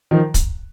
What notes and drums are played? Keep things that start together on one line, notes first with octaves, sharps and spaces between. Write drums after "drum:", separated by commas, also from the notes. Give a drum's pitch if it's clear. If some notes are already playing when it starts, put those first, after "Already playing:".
D#3 F3
drum: kick, hi-hat